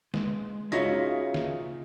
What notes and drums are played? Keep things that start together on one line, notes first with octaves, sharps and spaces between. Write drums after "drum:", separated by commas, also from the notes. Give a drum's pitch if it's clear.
G#3, drum: snare
C#3 D#4 F4 F#4 C#5 E5 F5 A#6, drum: hi-hat
drum: snare